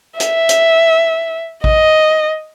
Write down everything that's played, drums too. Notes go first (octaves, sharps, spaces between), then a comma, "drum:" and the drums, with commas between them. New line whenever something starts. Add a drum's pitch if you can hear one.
E5, drum: hi-hat
drum: hi-hat
D#5, drum: kick A1